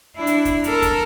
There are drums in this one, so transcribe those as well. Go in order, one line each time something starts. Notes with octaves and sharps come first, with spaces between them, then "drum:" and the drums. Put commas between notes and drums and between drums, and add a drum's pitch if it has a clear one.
D4 E4
drum: hi-hat
drum: kick, hi-hat
A4 A#4, drum: hi-hat
drum: kick, hi-hat